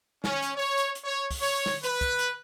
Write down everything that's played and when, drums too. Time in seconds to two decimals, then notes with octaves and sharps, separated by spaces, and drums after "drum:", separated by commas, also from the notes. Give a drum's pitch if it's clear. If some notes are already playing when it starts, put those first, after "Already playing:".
0.24 C#4, drum: snare
0.42 drum: hi-hat
0.56 C#5
0.78 drum: hi-hat
0.95 drum: hi-hat
1.04 C#5
1.31 drum: kick, open hi-hat
1.41 C#5
1.66 drum: snare
1.83 B4, drum: hi-hat
2.01 drum: kick, hi-hat
2.19 drum: hi-hat